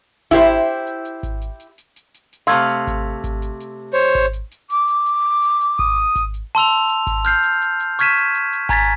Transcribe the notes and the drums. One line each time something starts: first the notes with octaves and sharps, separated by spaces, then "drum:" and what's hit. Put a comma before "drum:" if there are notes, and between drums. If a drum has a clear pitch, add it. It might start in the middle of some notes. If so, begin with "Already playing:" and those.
E4 G4 C5, drum: kick G#1, hi-hat
drum: hi-hat
drum: hi-hat
drum: kick G#1, hi-hat
drum: hi-hat
drum: hi-hat
drum: hi-hat
drum: hi-hat
drum: hi-hat
drum: hi-hat
C3 A3 F5 C6 E6 G#6
drum: hi-hat
drum: kick G#1, hi-hat
drum: kick G#1, hi-hat
drum: hi-hat
drum: hi-hat
C5 C#5
drum: kick G#1, hi-hat
drum: hi-hat
drum: hi-hat
D6, drum: hi-hat
drum: hi-hat
drum: hi-hat
drum: hi-hat
drum: hi-hat
D#6, drum: kick G#1
drum: kick G#1, hi-hat
drum: hi-hat
A5 C6 E6 F7, drum: hi-hat
drum: hi-hat
drum: hi-hat
drum: kick G#1, hi-hat
F6 G6 C7, drum: hi-hat
drum: hi-hat
drum: hi-hat
drum: hi-hat
C#6 F6 G#6 B6 D#7 E7, drum: hi-hat
drum: hi-hat
drum: hi-hat
drum: hi-hat
G#5 A#5 G#6 A6 B6, drum: kick G#1, hi-hat